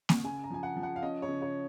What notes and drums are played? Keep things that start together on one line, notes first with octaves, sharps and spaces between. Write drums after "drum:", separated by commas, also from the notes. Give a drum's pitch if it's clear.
drum: snare A#3
C#3 G#5
A#5
F3 G#5
F#5
F3
F#5
F5
C#4 D#5
C#5
C#3
C#5